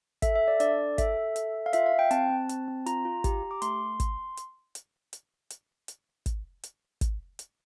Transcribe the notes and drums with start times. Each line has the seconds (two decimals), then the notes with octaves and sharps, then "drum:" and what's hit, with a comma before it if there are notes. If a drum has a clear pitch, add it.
0.22 A4 E5, drum: kick, hi-hat
0.35 E5
0.41 A4
0.48 D5
0.60 D4 D5, drum: hi-hat
0.79 A4
0.98 A4 E5, drum: kick, hi-hat
1.17 A4
1.36 A4, drum: hi-hat
1.55 A4
1.66 F5
1.73 F4 E5, drum: hi-hat
1.86 F5
1.92 F4
1.99 G5
2.11 C4 A5, drum: hi-hat
2.30 C4
2.49 C4, drum: hi-hat
2.68 C4
2.86 F4 A#5, drum: hi-hat
3.05 F4
3.24 G4, drum: kick, hi-hat
3.43 G4
3.51 D6
3.62 A3 C6, drum: hi-hat
4.00 drum: kick, hi-hat
4.37 drum: hi-hat
4.75 drum: hi-hat
5.13 drum: hi-hat
5.50 drum: hi-hat
5.88 drum: hi-hat
6.26 drum: kick, hi-hat
6.63 drum: hi-hat
7.01 drum: kick, hi-hat
7.39 drum: hi-hat